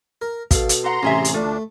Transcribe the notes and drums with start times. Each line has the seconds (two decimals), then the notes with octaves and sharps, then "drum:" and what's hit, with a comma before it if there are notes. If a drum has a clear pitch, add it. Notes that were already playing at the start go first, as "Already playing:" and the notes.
0.22 A#4
0.51 B2 A4 F5, drum: kick, hi-hat
0.69 drum: hi-hat
0.84 F#4 F#5 A#5 C6
1.03 A1 C3 C#4 G#4 E5
1.25 drum: hi-hat
1.34 D2 A3 D4 F4